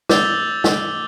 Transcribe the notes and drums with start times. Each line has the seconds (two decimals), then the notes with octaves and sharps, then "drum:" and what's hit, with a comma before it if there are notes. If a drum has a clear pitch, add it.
0.09 D6 E6 G6 A6 F7 G7, drum: snare
0.64 drum: snare